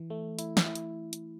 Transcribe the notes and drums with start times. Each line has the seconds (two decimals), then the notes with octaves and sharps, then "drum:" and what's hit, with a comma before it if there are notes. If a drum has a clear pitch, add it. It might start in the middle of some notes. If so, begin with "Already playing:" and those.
Already playing: E3
0.10 A3
0.39 E4, drum: hi-hat
0.57 drum: snare
0.66 E4
0.75 drum: hi-hat
1.13 drum: hi-hat